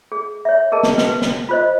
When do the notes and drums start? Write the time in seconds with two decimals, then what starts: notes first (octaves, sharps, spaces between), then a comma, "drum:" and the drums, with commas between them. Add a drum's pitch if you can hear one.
0.12 G#4
0.45 C#5 E5
0.72 G#4 A#4 D#5 A5
0.83 drum: snare
0.98 B4, drum: snare
1.22 drum: snare
1.49 F4 C5 D#5